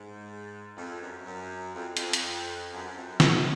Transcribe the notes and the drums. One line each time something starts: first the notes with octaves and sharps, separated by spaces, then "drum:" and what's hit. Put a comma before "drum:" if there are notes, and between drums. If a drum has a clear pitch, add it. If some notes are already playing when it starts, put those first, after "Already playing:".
Already playing: G#2
F2
F#2
F#2
F2
F2, drum: hi-hat
drum: hi-hat
F#2
F#2
F2
F#2
G#2, drum: snare